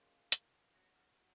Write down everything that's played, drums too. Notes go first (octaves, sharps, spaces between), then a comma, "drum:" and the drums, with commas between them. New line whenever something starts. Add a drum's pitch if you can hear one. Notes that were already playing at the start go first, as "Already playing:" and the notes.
Already playing: A#3 C#4 F4 G#4 D#5
drum: hi-hat
C#4 F#4